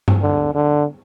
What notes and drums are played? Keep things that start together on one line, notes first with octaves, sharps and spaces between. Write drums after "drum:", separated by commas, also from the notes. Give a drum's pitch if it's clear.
drum: tom G2
D3
D3